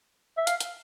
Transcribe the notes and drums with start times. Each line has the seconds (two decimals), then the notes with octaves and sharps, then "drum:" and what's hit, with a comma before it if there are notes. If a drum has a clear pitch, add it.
0.38 E5
0.47 F5, drum: hi-hat
0.60 drum: hi-hat